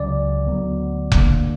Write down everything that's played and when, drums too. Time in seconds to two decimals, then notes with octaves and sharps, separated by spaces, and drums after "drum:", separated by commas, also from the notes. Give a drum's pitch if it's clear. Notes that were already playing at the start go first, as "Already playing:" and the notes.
Already playing: C#2 C#3 F#3 C#4 D5
0.46 D2 D3 F#3 B3
1.12 E1 D2 D3 A#3, drum: kick F1